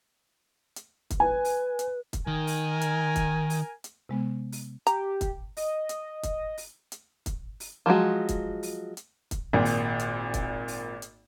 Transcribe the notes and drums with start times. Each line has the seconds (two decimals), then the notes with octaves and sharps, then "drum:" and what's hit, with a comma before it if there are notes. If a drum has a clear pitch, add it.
0.76 drum: hi-hat
1.10 drum: kick, hi-hat
1.20 B4 G#5
1.45 drum: open hi-hat
1.79 drum: hi-hat
2.13 drum: kick, hi-hat
2.27 D#3 A#4 G#5
2.47 drum: open hi-hat
2.81 drum: hi-hat
3.16 drum: kick, hi-hat
3.50 drum: open hi-hat
3.84 drum: hi-hat
4.09 C3 G#3 B3
4.52 drum: open hi-hat
4.87 G4 A#5, drum: hi-hat
5.21 drum: kick, hi-hat
5.57 D#5, drum: open hi-hat
5.89 drum: hi-hat
6.23 drum: kick, hi-hat
6.58 drum: open hi-hat
6.92 drum: hi-hat
7.26 drum: kick, hi-hat
7.60 drum: open hi-hat
7.86 F3 F#3 G#3 F#4
8.29 drum: kick, hi-hat
8.63 drum: open hi-hat
8.97 drum: hi-hat
9.31 drum: kick, hi-hat
9.53 G#1 A#2
9.65 drum: open hi-hat
9.99 drum: hi-hat
10.34 drum: kick, hi-hat
10.68 drum: open hi-hat
11.02 drum: hi-hat